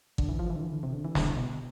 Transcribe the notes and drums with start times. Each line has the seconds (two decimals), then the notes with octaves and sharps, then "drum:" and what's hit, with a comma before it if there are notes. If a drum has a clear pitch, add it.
0.18 D3, drum: kick
0.29 E3
0.39 F3
0.50 E3
0.56 D3
0.61 E3
0.72 D3
0.83 C3
0.93 D3
1.05 E3
1.15 D3, drum: snare
1.26 B2
1.37 B2